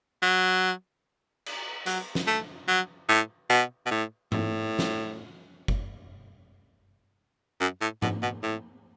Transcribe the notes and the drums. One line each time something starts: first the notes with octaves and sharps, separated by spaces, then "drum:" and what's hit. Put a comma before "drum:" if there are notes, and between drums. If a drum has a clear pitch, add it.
F#3
drum: cymbal
F#3, drum: hi-hat
drum: snare
A3
F#3
A2
B2
B2
A2
A2, drum: tom G#2
drum: snare
drum: kick F#1
F#2
A2
B2, drum: tom G#2
B2
A2